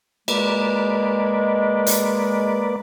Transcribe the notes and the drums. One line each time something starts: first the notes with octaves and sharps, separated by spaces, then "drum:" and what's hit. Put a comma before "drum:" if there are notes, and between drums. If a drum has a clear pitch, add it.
G#3 A#3 B4 D5, drum: cymbal
drum: hi-hat